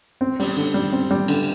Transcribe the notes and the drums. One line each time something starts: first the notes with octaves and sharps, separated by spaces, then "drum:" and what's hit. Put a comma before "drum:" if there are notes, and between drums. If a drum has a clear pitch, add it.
C4
G3, drum: open hi-hat
D3
G3
C4
G3
D3, drum: cymbal